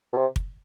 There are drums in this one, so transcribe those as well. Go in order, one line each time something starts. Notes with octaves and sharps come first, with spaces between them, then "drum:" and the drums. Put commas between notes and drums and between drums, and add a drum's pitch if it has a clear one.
B2
C3
drum: kick